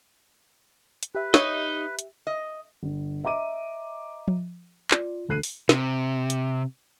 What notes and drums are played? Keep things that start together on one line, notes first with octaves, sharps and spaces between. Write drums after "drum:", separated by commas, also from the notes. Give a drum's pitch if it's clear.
drum: hi-hat
G4 B4 E5
D#4 C#5 D#5 C#6 F#6, drum: snare
drum: hi-hat
D#5
G1
D#5 E5 A#5 D6 D#7
drum: tom F3
F4 D5, drum: clap
E1 D2 A4 F#6 C7 D#7
drum: open hi-hat
C3, drum: snare
drum: hi-hat